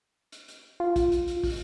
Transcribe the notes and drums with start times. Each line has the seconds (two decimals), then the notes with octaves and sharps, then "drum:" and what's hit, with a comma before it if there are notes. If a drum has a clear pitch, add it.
0.32 drum: hi-hat
0.48 drum: hi-hat
0.80 F4
0.96 drum: kick, hi-hat
1.12 drum: hi-hat
1.28 drum: hi-hat
1.44 drum: kick, open hi-hat